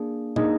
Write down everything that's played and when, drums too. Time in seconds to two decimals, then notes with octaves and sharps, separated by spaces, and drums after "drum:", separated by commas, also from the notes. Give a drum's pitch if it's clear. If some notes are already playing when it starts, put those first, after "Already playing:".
Already playing: A#3 D4 G#4
0.36 A#3 D4 D#4 G#4 D#5, drum: tom